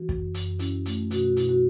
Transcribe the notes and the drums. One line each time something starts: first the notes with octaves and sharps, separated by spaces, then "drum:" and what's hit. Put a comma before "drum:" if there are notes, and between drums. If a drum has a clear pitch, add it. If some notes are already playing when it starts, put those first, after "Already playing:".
Already playing: E3 F#4
F#2, drum: kick
F#2, drum: hi-hat
C#4 E4, drum: hi-hat
A3, drum: hi-hat
B2 F#4, drum: hi-hat
F#4
B2 E4, drum: hi-hat
F#4